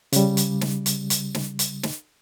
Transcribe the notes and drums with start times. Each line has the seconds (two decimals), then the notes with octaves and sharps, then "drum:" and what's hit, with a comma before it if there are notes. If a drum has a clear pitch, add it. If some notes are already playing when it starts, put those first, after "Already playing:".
0.13 C#3 G3, drum: hi-hat
0.37 drum: hi-hat
0.61 drum: snare
0.86 drum: hi-hat
1.10 drum: hi-hat
1.35 drum: snare
1.59 drum: hi-hat
1.83 drum: snare